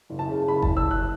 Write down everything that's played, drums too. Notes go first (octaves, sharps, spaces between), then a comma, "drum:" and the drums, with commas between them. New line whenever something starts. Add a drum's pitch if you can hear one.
F#1
A5
C#3
F#1 B5
F#1 A5, drum: kick F#1
E6
F#1 F#6